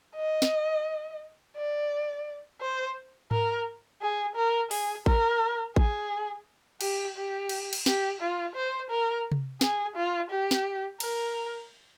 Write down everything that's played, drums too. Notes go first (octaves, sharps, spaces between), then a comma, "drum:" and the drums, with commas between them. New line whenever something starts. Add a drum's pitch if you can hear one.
D#5
drum: snare
D5
C5
A#4, drum: tom G#2
G#4
A#4
G#4, drum: open hi-hat
A#4, drum: kick A1
G#4, drum: kick A1
G4, drum: cymbal
G4
drum: cymbal
drum: cymbal
G4, drum: snare
F4
C5
A#4
drum: tom C3
G#4, drum: snare
F4
G4
drum: snare
A#4, drum: cymbal